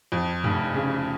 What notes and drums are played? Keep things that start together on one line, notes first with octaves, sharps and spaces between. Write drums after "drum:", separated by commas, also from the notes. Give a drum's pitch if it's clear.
F2
F1, drum: tom F#2
C#3